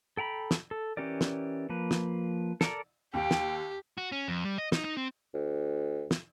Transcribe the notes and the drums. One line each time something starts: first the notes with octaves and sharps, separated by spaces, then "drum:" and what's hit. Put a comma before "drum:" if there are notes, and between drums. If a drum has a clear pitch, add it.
A4 G5 A#5 B5
drum: snare
A4
E3 C#4 G4 A#4 D5
drum: snare
F3 A#3 B4
drum: snare
A4 A#4 D5 A#5, drum: snare
D#2 G4 G5
drum: snare
F#4
C#4
F2
G3
D#5
D#4, drum: snare
D#4
C4
D2
drum: snare